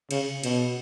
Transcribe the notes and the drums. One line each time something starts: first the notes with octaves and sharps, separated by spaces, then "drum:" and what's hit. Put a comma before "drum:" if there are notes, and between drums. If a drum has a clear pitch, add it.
C#3, drum: cymbal
B2, drum: cymbal